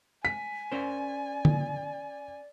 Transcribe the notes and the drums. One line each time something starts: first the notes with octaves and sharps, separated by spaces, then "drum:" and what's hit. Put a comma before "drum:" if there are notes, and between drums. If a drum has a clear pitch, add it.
G#5 B6
C#4 A#4 C5 D5
drum: tom D3